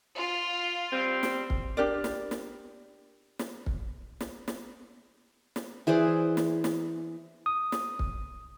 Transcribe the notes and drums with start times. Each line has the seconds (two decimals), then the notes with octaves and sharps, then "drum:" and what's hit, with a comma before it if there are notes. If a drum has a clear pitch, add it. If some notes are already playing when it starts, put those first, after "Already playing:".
0.18 F4
0.92 G3 C4
1.23 drum: snare
1.50 drum: kick
1.77 D4 G4 A#4 D5
2.04 drum: snare
2.31 drum: snare
3.39 drum: snare
3.66 drum: kick
4.21 drum: snare
4.48 drum: snare
5.56 drum: snare
5.87 E3 G#4 C5 D5
6.37 drum: snare
6.64 drum: snare
7.46 D#6
7.72 drum: snare
7.99 drum: kick